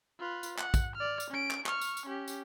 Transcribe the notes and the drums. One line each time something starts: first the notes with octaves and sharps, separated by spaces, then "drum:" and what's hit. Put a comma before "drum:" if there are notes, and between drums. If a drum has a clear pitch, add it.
F4 B4
drum: tambourine
F#5, drum: clap
drum: kick, tambourine
D5 F6
drum: tambourine
C#4 D7
drum: clap
C#6 F6, drum: clap
drum: tambourine
drum: tambourine
C#4 G4
drum: tambourine